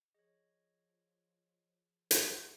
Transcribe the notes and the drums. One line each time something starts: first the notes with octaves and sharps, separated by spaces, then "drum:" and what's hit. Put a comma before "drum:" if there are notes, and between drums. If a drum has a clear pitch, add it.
F3 G#4 C#5 D#5
drum: hi-hat